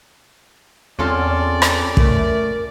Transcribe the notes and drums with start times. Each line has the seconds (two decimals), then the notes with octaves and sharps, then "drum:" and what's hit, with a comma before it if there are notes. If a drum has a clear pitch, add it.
0.99 E2 C4 C#4 F4 A4 D5
1.62 drum: rim click
1.97 A3 A#4, drum: kick